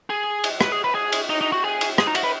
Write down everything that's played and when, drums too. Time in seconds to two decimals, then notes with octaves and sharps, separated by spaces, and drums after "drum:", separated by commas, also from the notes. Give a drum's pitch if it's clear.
0.10 G#4
0.44 drum: cymbal
0.61 B4, drum: rim click
0.72 G#4
0.84 B4
0.95 G#4
1.12 drum: cymbal
1.30 D#4
1.41 D#4
1.52 F#4
1.64 G#4
1.81 drum: cymbal
1.98 G#4, drum: rim click
2.07 D#4
2.15 F#4, drum: cymbal
2.24 B4